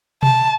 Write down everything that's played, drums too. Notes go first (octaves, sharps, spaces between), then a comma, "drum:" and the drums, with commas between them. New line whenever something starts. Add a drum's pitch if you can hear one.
A5, drum: tom B2